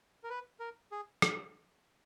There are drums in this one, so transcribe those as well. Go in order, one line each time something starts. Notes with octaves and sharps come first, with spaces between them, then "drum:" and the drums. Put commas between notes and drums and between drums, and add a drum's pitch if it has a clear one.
A#4
B4
A#4
G#4
drum: rim click